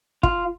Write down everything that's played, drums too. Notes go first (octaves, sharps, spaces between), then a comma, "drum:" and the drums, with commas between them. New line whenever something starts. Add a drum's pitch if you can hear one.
F4, drum: kick